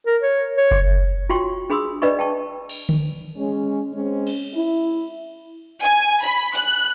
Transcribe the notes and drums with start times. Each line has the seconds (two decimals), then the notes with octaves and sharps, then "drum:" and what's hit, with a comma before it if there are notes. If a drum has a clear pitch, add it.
0.06 A#4
0.22 C#5
0.57 C#5
0.71 drum: kick F#1
1.29 F4 F#4 G5 C6 C#6
1.70 D4 G#4 B5 C6 D#6 E6
2.02 D4 B4 D5 D#5 B5 C#6
2.19 G5 A5 C#6
2.69 drum: cymbal
2.89 drum: tom D3
3.37 G#3 C#4
3.94 G#3 C4 C#4
4.27 drum: cymbal
4.54 E4
5.81 G#5
6.23 B5
6.55 F#6, drum: hi-hat